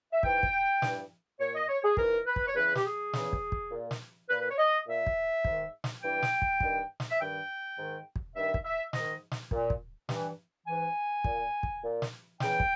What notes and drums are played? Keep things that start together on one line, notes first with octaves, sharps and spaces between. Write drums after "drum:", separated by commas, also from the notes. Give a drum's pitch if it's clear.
E5
G#2 E3 G5, drum: kick
drum: kick
G2 E3, drum: snare
A#2 C#5
D#5
C#5
G#4
G#2 E3 A#4, drum: kick
B4
drum: kick
C#5
E2 C#3 E3 B4
G4, drum: snare
G#4
E2 C#3 E3, drum: snare
drum: kick
drum: kick
A#2
drum: snare
A#2 B4
B4
C#5
D#5
A#2 E5
drum: kick
G#2 D#3, drum: kick
drum: snare
G2 E3 G5
drum: snare
drum: kick
G2 D#3, drum: kick
drum: snare
E5
G2 D#3 G5
G#2 D#3
drum: kick
G2 D#3 E5
drum: kick
E5
G#2 D#3 D#5, drum: snare
drum: snare
A#2, drum: kick
drum: kick
G2 E3, drum: snare
G#2 E3 G#5
A#2, drum: kick
drum: kick
A#2
drum: snare
E2 C#3 E3 G5, drum: snare
drum: kick